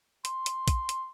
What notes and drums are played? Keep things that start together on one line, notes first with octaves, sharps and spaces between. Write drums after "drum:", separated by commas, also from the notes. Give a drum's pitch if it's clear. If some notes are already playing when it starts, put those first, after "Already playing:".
C6, drum: hi-hat
drum: hi-hat
drum: kick, hi-hat
drum: hi-hat